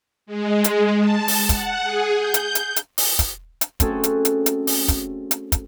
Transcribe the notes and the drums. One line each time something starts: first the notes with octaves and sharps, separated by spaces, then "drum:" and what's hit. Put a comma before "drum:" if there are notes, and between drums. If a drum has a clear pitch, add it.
G#3
drum: hi-hat
A5
drum: open hi-hat
F#5, drum: kick, hi-hat
G#4
G6
drum: hi-hat
drum: hi-hat
drum: hi-hat
drum: open hi-hat
drum: kick, hi-hat
drum: hi-hat
A3 C4 C#4 F#4 G#4 A4, drum: kick, hi-hat
drum: hi-hat
drum: hi-hat
drum: hi-hat
drum: open hi-hat
drum: kick, hi-hat
drum: hi-hat
drum: kick, hi-hat